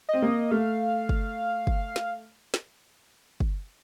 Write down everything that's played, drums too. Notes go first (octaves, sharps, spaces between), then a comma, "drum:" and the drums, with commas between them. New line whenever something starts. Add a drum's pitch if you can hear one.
C4 D#5
A#3
A3 F5
drum: kick
drum: kick
drum: snare
drum: snare
drum: kick